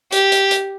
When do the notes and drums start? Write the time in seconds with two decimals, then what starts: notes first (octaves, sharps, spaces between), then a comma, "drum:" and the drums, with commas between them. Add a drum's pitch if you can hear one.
0.12 G4, drum: hi-hat
0.32 drum: hi-hat
0.51 drum: hi-hat